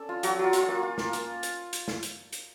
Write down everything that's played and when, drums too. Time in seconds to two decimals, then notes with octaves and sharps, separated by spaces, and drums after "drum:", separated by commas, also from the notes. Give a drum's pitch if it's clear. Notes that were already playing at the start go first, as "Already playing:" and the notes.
Already playing: C#4 A4 D5
0.09 F4
0.23 F#3 F#4, drum: hi-hat
0.39 F#3 F4
0.53 F4, drum: hi-hat
0.63 F4
0.68 A#3
0.83 F4
0.98 A#3, drum: snare
1.13 A#3, drum: hi-hat
1.43 drum: hi-hat
1.73 drum: hi-hat
1.88 drum: snare
2.03 drum: hi-hat
2.33 drum: hi-hat